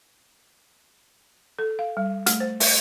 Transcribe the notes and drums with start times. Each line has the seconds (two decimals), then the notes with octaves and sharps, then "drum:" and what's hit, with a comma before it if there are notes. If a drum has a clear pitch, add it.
1.59 A4
1.79 F5
1.97 G3
2.26 A3, drum: hi-hat
2.40 C5
2.60 E5, drum: open hi-hat